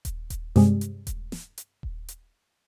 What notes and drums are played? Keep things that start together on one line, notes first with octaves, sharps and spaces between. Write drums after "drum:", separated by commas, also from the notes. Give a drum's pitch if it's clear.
drum: kick D#1, hi-hat
drum: kick D#1, hi-hat
G2 C3 G#3, drum: snare
drum: hi-hat
drum: kick D#1, hi-hat
drum: snare
drum: hi-hat
drum: kick D#1
drum: hi-hat